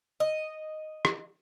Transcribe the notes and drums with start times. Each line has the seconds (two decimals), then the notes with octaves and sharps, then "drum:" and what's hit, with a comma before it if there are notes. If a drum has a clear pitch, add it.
0.20 D#5
1.05 drum: rim click